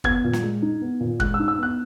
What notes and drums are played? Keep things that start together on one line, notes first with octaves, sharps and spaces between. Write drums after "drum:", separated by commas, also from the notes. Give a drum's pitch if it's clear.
B3 G#6, drum: kick
A#2
drum: snare
G#3
D#4
B3
A#2
G#3 F#6, drum: kick
E6
D#4
E6
B3 F#6